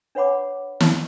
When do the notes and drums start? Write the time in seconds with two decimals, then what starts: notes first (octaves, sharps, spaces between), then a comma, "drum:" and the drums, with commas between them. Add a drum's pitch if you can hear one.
0.15 D4 B4 C#5 F#5 B5 D6
0.80 drum: snare